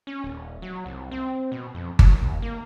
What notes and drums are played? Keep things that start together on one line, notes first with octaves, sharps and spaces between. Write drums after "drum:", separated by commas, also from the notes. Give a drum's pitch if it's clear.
C#4
D#1
F#3
C2
C4
B2
F2
F#3, drum: kick G1
D#2
A#3